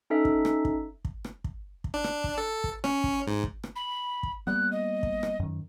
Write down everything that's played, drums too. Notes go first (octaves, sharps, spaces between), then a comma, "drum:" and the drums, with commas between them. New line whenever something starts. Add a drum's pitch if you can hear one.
C#4 D#4 A4 E5
drum: kick
drum: rim click
drum: kick
drum: kick
drum: rim click
drum: kick
drum: kick
D4
drum: rim click
drum: kick
A4
drum: kick
C#4, drum: rim click
drum: kick
G#2
drum: kick
drum: rim click
B5
drum: kick
G3 A#3 B3 F#6
D#5
drum: kick
drum: rim click
F#2 D#3